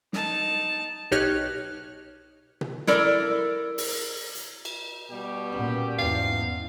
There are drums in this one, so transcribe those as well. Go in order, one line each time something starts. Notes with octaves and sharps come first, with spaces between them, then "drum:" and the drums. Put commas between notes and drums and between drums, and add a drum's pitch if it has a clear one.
D#4 A5, drum: snare
B1 D#4 G4 C#5 F6 F#6
drum: tom B2
E4 A4 A#4 D5, drum: snare
drum: open hi-hat
drum: hi-hat
drum: cymbal
B2 G3 G4
A#2 C#4 B4 F#5
E2 G#2 F5